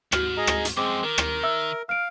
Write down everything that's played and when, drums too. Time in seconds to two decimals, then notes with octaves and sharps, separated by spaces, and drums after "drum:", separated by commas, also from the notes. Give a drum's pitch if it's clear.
0.12 G#2 F#4 F6 F#7, drum: rim click
0.37 G#4 D#5 A#5
0.47 drum: rim click
0.65 drum: hi-hat
0.77 F#2 F3 G#3 C4 D6
1.04 D#3 A#4
1.18 drum: rim click
1.43 E5 E6
1.89 F5 F6 D7